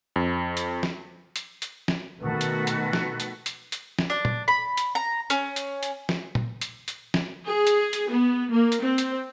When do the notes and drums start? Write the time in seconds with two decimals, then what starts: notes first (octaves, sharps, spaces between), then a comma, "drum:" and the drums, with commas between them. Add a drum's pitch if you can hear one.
0.16 F2
0.57 drum: hi-hat
0.83 drum: snare
1.36 drum: hi-hat
1.62 drum: hi-hat
1.88 drum: snare
2.20 B2 D#3 A3 F#4 A4 B4
2.41 drum: hi-hat
2.67 drum: hi-hat
2.93 drum: snare
3.20 drum: hi-hat
3.46 drum: hi-hat
3.72 drum: hi-hat
3.99 drum: snare
4.10 D4
4.25 drum: tom A#2
4.48 B5
4.77 drum: hi-hat
4.95 A#5
5.30 C#4, drum: hi-hat
5.56 drum: hi-hat
5.83 drum: hi-hat
6.09 drum: snare
6.35 drum: tom A#2
6.61 drum: hi-hat
6.88 drum: hi-hat
7.14 drum: snare
7.47 G#4
7.67 drum: hi-hat
7.93 drum: hi-hat
8.11 B3
8.51 A#3
8.72 drum: hi-hat
8.81 C4
8.98 drum: hi-hat